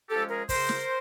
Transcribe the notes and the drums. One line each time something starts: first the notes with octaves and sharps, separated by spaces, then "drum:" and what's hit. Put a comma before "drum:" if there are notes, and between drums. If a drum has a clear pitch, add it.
F3 G#3 C#4 G4 A4
G#4 A#4
C#3 A#4 C5, drum: kick, open hi-hat
drum: snare